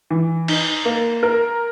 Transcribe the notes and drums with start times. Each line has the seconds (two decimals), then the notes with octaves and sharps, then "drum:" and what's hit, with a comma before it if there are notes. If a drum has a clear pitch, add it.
0.10 E3
0.48 D#4, drum: cymbal
0.85 A#3
1.23 A#4